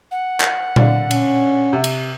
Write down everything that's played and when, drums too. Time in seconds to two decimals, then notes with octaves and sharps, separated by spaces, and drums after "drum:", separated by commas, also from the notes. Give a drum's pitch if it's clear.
0.11 F#5
0.40 drum: clap
0.76 D3 D5 F5, drum: tom A#2
1.11 C#4, drum: cymbal
1.73 C3
1.84 drum: cymbal